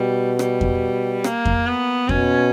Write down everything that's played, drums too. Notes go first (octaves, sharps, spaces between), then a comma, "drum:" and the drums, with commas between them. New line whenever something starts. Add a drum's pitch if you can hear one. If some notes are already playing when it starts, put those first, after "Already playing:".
Already playing: B2 G3
G3, drum: rim click
drum: kick F2
A#3, drum: rim click
drum: kick F2
B3
B2 C#4, drum: kick F2